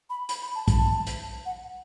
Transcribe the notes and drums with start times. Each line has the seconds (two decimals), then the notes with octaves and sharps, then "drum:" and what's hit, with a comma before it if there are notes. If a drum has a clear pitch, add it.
0.10 B5
0.29 B5, drum: hi-hat
0.42 B5
0.55 A5
0.68 A5, drum: kick, hi-hat
1.07 drum: hi-hat
1.46 F#5